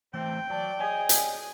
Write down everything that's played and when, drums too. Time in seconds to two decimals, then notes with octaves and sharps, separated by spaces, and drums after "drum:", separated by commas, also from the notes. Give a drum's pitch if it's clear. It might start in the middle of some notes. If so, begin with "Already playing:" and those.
0.14 E3 A3 C4 C5 G5
0.50 F#3 D5 A5
0.80 G#4 C#5 D#5 G#5
1.09 drum: hi-hat